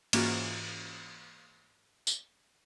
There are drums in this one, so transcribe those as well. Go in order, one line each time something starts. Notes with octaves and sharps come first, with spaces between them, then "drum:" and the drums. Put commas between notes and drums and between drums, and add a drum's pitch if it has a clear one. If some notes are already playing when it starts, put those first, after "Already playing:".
G#2 E3 A#3 C#4 F4 F#4, drum: cymbal
drum: tambourine